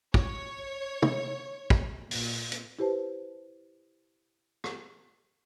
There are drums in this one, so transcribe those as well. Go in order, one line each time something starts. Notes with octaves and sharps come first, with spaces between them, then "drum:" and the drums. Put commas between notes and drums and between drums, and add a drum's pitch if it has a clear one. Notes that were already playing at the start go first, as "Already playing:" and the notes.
C#5, drum: kick
drum: tom
drum: kick
A#2, drum: open hi-hat
drum: hi-hat
E4 G4 B4 C5 A5
drum: rim click